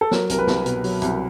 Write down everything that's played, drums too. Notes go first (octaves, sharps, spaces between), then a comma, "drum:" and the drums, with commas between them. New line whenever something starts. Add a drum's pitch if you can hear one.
A4
F#3 A#4, drum: snare
C2 A#4, drum: hi-hat
B4
C2, drum: snare
B2, drum: hi-hat
F#3, drum: open hi-hat
C2, drum: hi-hat